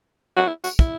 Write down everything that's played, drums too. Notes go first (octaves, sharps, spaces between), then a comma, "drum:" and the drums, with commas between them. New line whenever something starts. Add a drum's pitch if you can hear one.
F#4
E4
F#4, drum: tambourine
E4, drum: kick